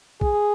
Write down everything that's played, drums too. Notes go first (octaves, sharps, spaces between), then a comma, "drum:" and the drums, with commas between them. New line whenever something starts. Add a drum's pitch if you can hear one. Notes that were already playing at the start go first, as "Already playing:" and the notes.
G#4, drum: kick